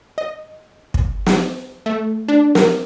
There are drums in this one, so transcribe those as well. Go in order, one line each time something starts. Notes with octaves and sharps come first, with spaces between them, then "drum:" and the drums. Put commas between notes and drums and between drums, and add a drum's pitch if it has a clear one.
D#5
drum: kick
drum: snare
A3
D4
A#4, drum: snare